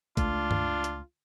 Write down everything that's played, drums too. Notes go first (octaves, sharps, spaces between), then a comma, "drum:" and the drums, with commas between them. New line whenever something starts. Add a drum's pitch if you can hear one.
C#2 A3 D4 F4, drum: kick, hi-hat
drum: tom G2
drum: hi-hat